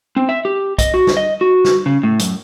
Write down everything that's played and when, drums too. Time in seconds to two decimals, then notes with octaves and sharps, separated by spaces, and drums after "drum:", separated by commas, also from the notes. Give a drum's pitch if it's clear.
0.16 C4
0.29 E5
0.45 G4
0.79 D#5, drum: kick, hi-hat
0.94 F#4
1.07 drum: snare
1.17 D#5
1.41 F#4
1.65 drum: snare
1.86 C#3
2.03 A2
2.19 F#2, drum: hi-hat